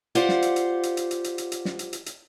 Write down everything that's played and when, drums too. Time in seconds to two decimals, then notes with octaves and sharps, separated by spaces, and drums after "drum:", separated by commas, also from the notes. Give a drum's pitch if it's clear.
0.15 F4 G4 C5 D5 F5 F#5, drum: hi-hat
0.29 drum: snare
0.42 drum: hi-hat
0.56 drum: hi-hat
0.83 drum: hi-hat
0.97 drum: hi-hat
1.11 drum: hi-hat
1.24 drum: hi-hat
1.38 drum: hi-hat
1.52 drum: hi-hat
1.65 drum: snare
1.79 drum: hi-hat
1.93 drum: hi-hat
2.06 drum: hi-hat